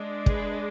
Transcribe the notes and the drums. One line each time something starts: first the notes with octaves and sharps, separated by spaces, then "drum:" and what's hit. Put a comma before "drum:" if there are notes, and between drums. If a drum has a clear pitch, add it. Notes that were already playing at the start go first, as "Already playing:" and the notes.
Already playing: G#3 D4
G#4 B4, drum: kick